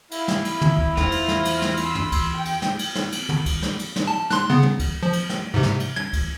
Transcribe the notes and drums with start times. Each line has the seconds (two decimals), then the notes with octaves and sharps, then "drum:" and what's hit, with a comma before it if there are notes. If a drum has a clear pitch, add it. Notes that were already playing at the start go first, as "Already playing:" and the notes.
0.11 E4 F5, drum: cymbal
0.28 drum: snare
0.45 drum: cymbal
0.62 drum: tom
0.78 drum: kick C2
0.97 E2 F4 C5 F6 A#6, drum: snare
1.12 drum: cymbal
1.28 drum: snare
1.45 drum: cymbal
1.62 drum: snare
1.77 B5 C6 E6, drum: cymbal
1.95 drum: tom
2.12 drum: kick C2, cymbal
2.34 G5
2.45 drum: cymbal
2.62 drum: snare
2.79 drum: cymbal
2.96 drum: snare
3.12 drum: cymbal
3.29 drum: tom
3.46 drum: kick C2, cymbal
3.62 drum: snare
3.79 drum: cymbal
3.96 drum: snare
4.07 A5
4.31 C6 F#6, drum: snare
4.50 C#3 B3
4.63 drum: tom
4.79 drum: kick C2, cymbal
5.03 F3
5.13 drum: cymbal
5.30 drum: snare
5.54 G#2 C3
5.63 drum: snare
5.80 drum: cymbal
5.96 G#6, drum: tom
6.13 drum: kick C2, cymbal